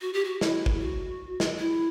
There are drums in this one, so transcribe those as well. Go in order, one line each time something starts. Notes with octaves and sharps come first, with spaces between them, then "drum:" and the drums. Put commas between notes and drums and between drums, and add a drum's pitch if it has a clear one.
F#4
G4
F#4
E4, drum: snare
drum: kick
F#4
drum: snare
E4